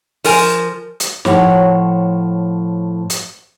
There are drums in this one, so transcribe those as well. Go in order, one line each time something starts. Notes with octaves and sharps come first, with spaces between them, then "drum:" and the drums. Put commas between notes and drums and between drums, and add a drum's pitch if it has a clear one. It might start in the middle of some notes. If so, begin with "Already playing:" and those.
F3 A#4 G#5, drum: open hi-hat
drum: hi-hat
A2 F3 C#5 F#5, drum: snare
drum: hi-hat